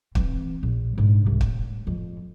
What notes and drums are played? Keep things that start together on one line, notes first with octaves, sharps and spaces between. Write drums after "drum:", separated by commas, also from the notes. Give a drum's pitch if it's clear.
E3 C4, drum: kick
A#1
G#2 D4
C2
A2, drum: kick
F2